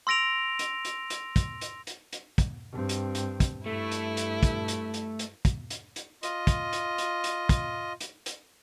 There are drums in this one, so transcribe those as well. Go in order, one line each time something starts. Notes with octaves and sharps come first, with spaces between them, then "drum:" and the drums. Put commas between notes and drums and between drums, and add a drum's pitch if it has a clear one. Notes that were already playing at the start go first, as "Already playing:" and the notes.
C6 E6 A#6 D7 F7
drum: hi-hat
drum: hi-hat
drum: hi-hat
drum: kick, hi-hat
drum: hi-hat
drum: hi-hat
drum: hi-hat
drum: kick, hi-hat
G2 C4
drum: hi-hat
drum: hi-hat
drum: kick, hi-hat
G2 A3 E4
drum: hi-hat
drum: hi-hat
drum: kick, hi-hat
drum: hi-hat
drum: hi-hat
drum: hi-hat
drum: kick, hi-hat
drum: hi-hat
drum: hi-hat
F4 D#5, drum: hi-hat
drum: kick, hi-hat
drum: hi-hat
drum: hi-hat
drum: hi-hat
drum: kick, hi-hat
drum: hi-hat
drum: hi-hat